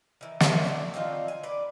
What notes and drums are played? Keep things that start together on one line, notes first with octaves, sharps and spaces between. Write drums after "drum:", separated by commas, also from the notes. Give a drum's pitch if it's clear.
D#3 E3
F#4 A#4 C5 E5, drum: snare
D4 F#4 G#4 D5
C4 D4 D#4 F4
G#5
B4 D5